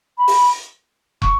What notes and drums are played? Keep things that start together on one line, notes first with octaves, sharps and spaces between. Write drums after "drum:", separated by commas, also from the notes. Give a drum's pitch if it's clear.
B5
drum: open hi-hat
C#6, drum: kick